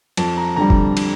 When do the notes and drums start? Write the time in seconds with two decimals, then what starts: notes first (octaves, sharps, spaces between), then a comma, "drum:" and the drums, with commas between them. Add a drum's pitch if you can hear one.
0.17 F2 A5, drum: cymbal
0.37 A#5
0.56 D3 G3 A#5
0.70 drum: kick
0.97 drum: cymbal